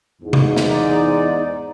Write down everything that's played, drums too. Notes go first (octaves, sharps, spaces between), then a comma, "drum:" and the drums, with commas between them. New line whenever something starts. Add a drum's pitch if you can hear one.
E2 G#2
drum: tom C3
drum: snare
D#4 D5